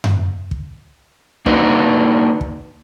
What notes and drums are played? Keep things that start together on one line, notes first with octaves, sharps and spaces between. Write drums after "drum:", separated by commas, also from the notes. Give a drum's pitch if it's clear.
drum: tom F#2
drum: kick
A#3 D4 D#4 F#4 A#4 B4, drum: kick
drum: kick